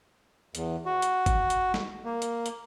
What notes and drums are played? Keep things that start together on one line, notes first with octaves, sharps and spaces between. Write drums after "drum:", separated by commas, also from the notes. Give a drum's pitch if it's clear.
E2, drum: hi-hat
F#4
drum: hi-hat
drum: kick, hi-hat
drum: hi-hat
drum: snare
A#3
drum: hi-hat
drum: hi-hat